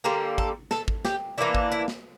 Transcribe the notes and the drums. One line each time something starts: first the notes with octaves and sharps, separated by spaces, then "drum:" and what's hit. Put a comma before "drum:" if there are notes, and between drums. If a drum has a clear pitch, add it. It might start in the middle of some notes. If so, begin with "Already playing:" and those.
D3 G3 A#3 A#4
A4, drum: kick
A4, drum: snare
drum: kick
G4, drum: snare
E3 A#3 D4 E4
drum: kick
E4
drum: snare